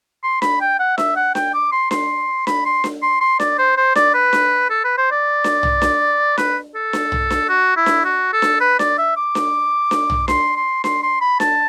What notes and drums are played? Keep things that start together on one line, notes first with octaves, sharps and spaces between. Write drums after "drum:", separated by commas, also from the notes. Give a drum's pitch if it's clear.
C6
B5, drum: snare D4
G5
F#5
E5, drum: snare D4
F#5
G5, drum: snare D4
D6
C6
C6, drum: snare D4
B5, drum: snare D4
C6
drum: snare D4
C6
C6
D5, drum: snare D4
C5
C5
D5, drum: snare D4
B4
drum: snare D4
A4
B4
C5
D5
drum: snare D4
drum: tom
drum: snare D4
B4, drum: snare D4
A4
drum: snare D4
drum: tom
drum: snare D4
F#4
E4
drum: snare D4
F#4
A4
drum: snare D4
B4
D5, drum: snare D4
E5
D6
drum: snare D4
drum: snare D4
drum: tom
C6, drum: snare D4
C6
C6, drum: snare D4
C6
B5
A5, drum: snare D4